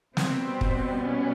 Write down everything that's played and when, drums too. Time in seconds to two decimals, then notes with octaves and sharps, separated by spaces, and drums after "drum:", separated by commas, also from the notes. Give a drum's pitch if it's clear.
0.17 B2 G3 B3 C4, drum: snare
0.61 drum: kick
1.02 C#4